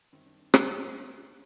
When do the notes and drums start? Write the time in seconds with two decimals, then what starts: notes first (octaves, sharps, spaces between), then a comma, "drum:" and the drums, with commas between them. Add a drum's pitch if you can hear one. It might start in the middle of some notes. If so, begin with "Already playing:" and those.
0.13 F#2 D#3 G3 C4
0.26 D4
0.40 C4
0.54 F#2 D#3 G3 C4, drum: rim click
0.94 D2 D3 A3 C4